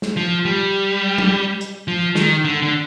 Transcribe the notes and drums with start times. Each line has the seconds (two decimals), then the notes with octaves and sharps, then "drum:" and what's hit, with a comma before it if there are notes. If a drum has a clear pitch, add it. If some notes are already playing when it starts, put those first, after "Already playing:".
0.02 drum: snare
0.17 F3
0.45 G3
1.18 drum: tom
1.61 drum: hi-hat
1.88 F3
2.15 D#3, drum: snare
2.44 D3
2.63 D3